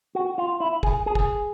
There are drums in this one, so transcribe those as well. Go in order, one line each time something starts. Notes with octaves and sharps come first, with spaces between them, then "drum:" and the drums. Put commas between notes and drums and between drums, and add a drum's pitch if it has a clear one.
F#4
F4
E4
G#4, drum: kick
G#4
drum: kick